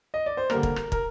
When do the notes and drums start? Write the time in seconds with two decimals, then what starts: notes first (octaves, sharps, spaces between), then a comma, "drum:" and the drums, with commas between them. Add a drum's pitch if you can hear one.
0.14 D#5
0.26 D5
0.37 C5
0.50 D3 G3 A#3 A#4, drum: rim click
0.63 drum: kick
0.76 drum: rim click
0.92 A#4, drum: kick